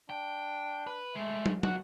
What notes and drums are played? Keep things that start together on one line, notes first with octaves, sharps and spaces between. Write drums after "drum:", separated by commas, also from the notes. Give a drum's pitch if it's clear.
D4 G5
B4
G#3 A3 E5
drum: tom
E2 F#4 F#5, drum: tom